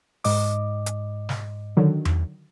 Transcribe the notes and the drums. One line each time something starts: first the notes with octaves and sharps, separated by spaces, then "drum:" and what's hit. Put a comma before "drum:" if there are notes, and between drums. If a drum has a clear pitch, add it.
G#2 D#5 D6, drum: open hi-hat
drum: hi-hat
drum: snare
D3 D#3 F#3
drum: tom E2